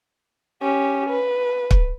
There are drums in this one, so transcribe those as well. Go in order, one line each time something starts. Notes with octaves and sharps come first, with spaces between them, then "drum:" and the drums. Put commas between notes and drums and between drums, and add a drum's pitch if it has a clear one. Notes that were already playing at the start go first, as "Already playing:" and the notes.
C#4 G4
B4
drum: kick